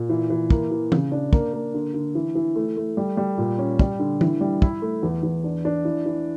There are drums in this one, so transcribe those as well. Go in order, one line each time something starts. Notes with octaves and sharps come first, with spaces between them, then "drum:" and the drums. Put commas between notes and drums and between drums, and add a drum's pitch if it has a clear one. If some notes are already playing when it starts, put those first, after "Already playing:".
Already playing: A#2
E3
E3
A#3, drum: kick
E3
C#3, drum: tom E3
D4
A#3, drum: kick
A#3
D3
D3
E3
E3
A3
A3
G3
G3
A#2
C#4
G3, drum: kick
D3
E3, drum: tom E3
G3
E4, drum: kick
A3
E2
E2
D4
D4
E3
E3